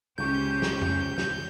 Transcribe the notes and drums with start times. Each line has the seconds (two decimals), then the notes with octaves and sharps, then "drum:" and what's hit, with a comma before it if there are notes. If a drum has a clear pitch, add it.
0.18 C#2 C#4 G4 C5 C#6 G6
0.62 drum: snare
0.82 drum: tom F2
1.18 drum: snare